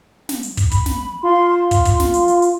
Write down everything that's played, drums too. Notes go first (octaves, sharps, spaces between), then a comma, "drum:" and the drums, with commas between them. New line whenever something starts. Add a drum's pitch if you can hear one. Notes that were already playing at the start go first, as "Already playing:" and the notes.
drum: snare
drum: hi-hat
drum: kick, hi-hat
B5, drum: kick, hi-hat
drum: snare
F4 C6
C6
drum: kick, hi-hat
drum: kick, hi-hat
drum: snare
drum: hi-hat
drum: hi-hat
drum: hi-hat